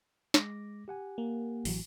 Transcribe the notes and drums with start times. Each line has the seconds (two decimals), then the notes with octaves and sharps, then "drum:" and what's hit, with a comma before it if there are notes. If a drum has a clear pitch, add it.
0.34 G#3 D6 A#6, drum: snare
0.88 G4 F#5 G#5
1.18 A#3
1.65 A1 E3 F#3, drum: open hi-hat